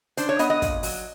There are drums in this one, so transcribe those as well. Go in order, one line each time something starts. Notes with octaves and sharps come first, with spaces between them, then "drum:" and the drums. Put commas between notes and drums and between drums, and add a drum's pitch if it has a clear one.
D4 C5, drum: hi-hat
C#5
B3 D#5, drum: hi-hat
D#5
A#2, drum: kick, hi-hat
F#3, drum: open hi-hat